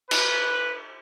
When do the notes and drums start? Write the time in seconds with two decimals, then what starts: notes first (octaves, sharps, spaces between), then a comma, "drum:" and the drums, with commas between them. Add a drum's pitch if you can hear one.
0.11 B4, drum: cymbal